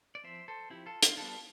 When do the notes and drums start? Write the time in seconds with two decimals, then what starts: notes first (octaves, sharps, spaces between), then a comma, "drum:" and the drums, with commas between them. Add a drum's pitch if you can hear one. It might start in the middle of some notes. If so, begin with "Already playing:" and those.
0.15 D5
0.24 F3 C4 C5 E5
0.48 A4 C5
0.70 F3 C4 E4 G4
0.86 F4 A4
1.03 F4, drum: hi-hat
1.17 G3 B3 D4 F4 A4